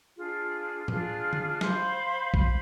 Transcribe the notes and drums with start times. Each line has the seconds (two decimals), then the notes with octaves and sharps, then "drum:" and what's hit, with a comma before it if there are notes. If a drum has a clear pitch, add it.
0.16 D4 F4 G#4
0.88 D4 F4 G#4, drum: tom A2
1.33 drum: tom D3
1.61 C5 F5 B5, drum: snare
2.34 C5 F5 B5, drum: kick A#1